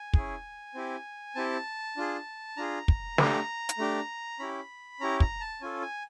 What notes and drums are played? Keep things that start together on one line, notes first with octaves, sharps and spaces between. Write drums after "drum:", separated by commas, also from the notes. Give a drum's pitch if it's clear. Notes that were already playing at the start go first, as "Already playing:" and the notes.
Already playing: G#5
C#4 E4 G#4, drum: kick
C4 E4 G4
C4 E4 G4 A5
D4 F4 G#4
D4 F4 G#4 A#5
drum: kick
A3 D4 G4, drum: snare
drum: hi-hat
A3 D4 G4
C#4 E4 G4 B5
C#4 E4 G4 A#5
A#5, drum: kick
A5
C#4 F4 A4 G#5
G#5